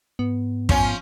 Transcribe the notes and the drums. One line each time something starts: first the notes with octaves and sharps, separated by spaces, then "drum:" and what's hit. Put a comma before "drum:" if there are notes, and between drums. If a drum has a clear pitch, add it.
G#2 B3
F3 C#4, drum: kick